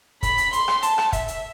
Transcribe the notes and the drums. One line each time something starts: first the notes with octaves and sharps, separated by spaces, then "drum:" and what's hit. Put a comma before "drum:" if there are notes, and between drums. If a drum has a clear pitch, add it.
B5, drum: kick, hi-hat
drum: hi-hat
C6, drum: hi-hat
drum: rim click
A5, drum: hi-hat
drum: rim click
E5, drum: kick, hi-hat
drum: hi-hat